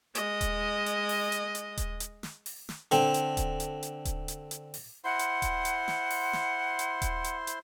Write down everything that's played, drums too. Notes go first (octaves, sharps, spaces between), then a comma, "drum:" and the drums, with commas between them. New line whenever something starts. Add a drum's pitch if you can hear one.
G#3 D#5, drum: hi-hat
drum: kick D#1, hi-hat
drum: hi-hat
drum: open hi-hat
drum: hi-hat
drum: hi-hat
drum: kick D#1, hi-hat
drum: hi-hat
drum: snare
drum: open hi-hat
drum: snare
D3 C4, drum: hi-hat
drum: hi-hat
drum: kick D#1, hi-hat
drum: hi-hat
drum: hi-hat
drum: kick D#1, hi-hat
drum: hi-hat
drum: hi-hat
drum: open hi-hat
E4 C5 F#5 C6
drum: hi-hat
drum: kick D#1, hi-hat
drum: hi-hat
drum: snare
drum: open hi-hat
drum: snare
drum: hi-hat
drum: kick D#1, hi-hat
drum: hi-hat
drum: hi-hat